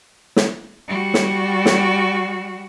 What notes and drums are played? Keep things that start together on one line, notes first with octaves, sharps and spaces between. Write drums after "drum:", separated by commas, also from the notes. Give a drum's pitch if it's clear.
drum: snare
G3 F#4
drum: snare
drum: snare